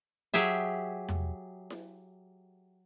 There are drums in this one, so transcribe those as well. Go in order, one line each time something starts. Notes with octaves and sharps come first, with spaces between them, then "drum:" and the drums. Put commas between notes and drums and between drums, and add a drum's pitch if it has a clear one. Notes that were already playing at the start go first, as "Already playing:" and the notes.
F#3 G4 G#4 E5
drum: tom E2
drum: snare E4